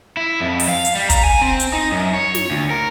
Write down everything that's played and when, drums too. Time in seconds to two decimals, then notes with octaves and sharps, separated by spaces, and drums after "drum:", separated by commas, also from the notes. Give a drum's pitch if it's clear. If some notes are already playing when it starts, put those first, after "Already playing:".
0.17 E4
0.41 F2
0.60 drum: open hi-hat
0.69 F5
0.85 drum: hi-hat
0.95 G3
1.10 A#5, drum: kick, hi-hat
1.24 G#5
1.41 C4
1.60 drum: hi-hat
1.73 D#4
1.92 F#2
2.14 C#5
2.35 drum: snare
2.51 D2
2.70 A#4